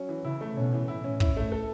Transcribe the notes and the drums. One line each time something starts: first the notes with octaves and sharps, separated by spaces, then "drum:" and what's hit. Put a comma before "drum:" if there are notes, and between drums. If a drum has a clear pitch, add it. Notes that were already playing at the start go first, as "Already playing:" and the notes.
Already playing: F#3 C#4
E3
C#3 E4
A3
B2 C#4
E3
A2 E4
C#4
E4, drum: kick
A3
A4